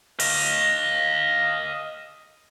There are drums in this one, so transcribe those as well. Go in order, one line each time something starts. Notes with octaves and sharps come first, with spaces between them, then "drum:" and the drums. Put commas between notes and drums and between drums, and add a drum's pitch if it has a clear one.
D#5 F5, drum: open hi-hat